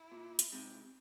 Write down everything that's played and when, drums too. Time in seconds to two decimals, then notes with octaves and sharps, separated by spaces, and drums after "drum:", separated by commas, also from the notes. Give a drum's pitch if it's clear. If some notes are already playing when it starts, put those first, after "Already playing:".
Already playing: E4
0.12 A#2
0.39 drum: hi-hat
0.52 G#2 C3